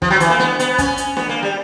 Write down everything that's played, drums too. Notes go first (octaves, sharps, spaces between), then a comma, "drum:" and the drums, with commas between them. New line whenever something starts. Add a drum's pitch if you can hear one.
F3, drum: kick
F#3
E3, drum: hi-hat
A#3
B3, drum: snare
B3, drum: hi-hat
C#4, drum: kick, hi-hat
drum: hi-hat
B3, drum: snare
A#3
G3